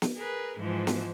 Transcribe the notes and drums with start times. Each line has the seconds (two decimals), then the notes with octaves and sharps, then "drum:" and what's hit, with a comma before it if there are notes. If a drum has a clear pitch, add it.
0.02 drum: snare
0.16 G#4 A#4 B4
0.59 G#2 E3 F3
0.87 drum: snare